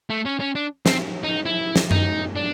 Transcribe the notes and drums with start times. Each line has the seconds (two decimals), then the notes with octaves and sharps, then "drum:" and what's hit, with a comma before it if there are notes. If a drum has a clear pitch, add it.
0.10 A3
0.25 C#4
0.40 C#4
0.55 D4
0.86 C4, drum: snare
1.24 D#4
1.46 E4
1.76 drum: snare
1.91 D#4, drum: tom F#2
2.36 D4